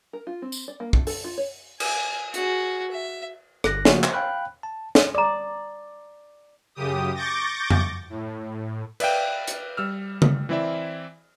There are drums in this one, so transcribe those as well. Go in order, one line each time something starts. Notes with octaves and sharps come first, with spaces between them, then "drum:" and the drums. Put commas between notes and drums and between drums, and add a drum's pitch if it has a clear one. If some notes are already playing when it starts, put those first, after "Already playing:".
A#4
F4
C4
drum: tambourine
D5
A#3
A3, drum: kick
A4, drum: open hi-hat
F4
C#5
G#5, drum: cymbal
F#4 G#4, drum: hi-hat
E5
G1 F#6 A#6, drum: rim click
C#3 F3 A3 A#3 F#4, drum: snare
drum: clap
F5 G5 B5 F#6
A5
drum: snare
D5 A#5 D#6
F#2 C#3 G4 D#6
C#6 D6 G6 A6 A#6
drum: tom F2
A2
B4 D5 E5 F5 G5, drum: cymbal
drum: hi-hat
G3 E6 F6
drum: tom C#3
E3 C4 E4 D5 E5